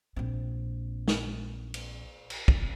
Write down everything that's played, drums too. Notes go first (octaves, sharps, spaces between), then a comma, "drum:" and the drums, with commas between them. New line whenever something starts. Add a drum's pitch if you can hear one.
A#1 C4
drum: snare
drum: cymbal
drum: cymbal
drum: kick